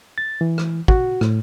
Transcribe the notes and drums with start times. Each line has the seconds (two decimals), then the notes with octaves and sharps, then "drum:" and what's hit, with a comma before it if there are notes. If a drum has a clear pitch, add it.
0.18 A6
0.41 E3
0.58 drum: rim click
0.88 F#4, drum: kick
1.21 A2, drum: rim click